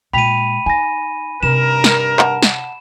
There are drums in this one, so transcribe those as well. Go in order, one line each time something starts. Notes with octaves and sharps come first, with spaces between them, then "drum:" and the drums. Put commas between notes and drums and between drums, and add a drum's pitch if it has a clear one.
A#2 G#3 G5 B5 B6 D#7 F7
D#4 G#5 A#6
G2 C3 D#4 A#4 E7
drum: snare
F#5 A5, drum: clap
drum: snare